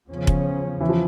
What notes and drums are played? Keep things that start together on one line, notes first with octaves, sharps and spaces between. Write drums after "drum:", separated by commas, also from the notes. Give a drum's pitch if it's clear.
E2 C#3 F3 C#4
drum: kick F1
E3
F3